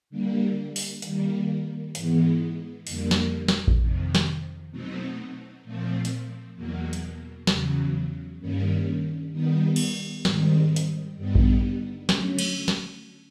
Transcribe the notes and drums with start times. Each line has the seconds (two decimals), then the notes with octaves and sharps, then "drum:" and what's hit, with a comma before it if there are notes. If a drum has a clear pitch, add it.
0.10 D3 G3 A#3
0.76 drum: open hi-hat
1.02 D#3 G3 A#3, drum: hi-hat
1.95 G#2 E3 G#3 B3, drum: hi-hat
2.87 F2 D3 G3 A#3, drum: open hi-hat
3.11 drum: snare
3.48 drum: snare
3.68 drum: kick A1
3.80 F2 C3 D#3
4.15 drum: snare
4.71 B2 F#3 A3 C4 D#4
5.64 A#2 F3 A3 C4
6.05 drum: hi-hat
6.56 E2 B2 F#3 A#3
6.93 drum: hi-hat
7.47 E2 C#3 F#3, drum: snare
8.40 G2 D#3 G3 A#3 C#4
9.32 D#3 G3 B3 D#4
9.76 drum: cymbal
10.25 G#2 D#3 G3 C4 D#4, drum: snare
10.76 drum: hi-hat
11.17 G2 D3 G3 B3 D#4
11.35 drum: kick A1
12.09 D3 F#3 A3 C#4, drum: snare
12.39 drum: cymbal
12.68 drum: snare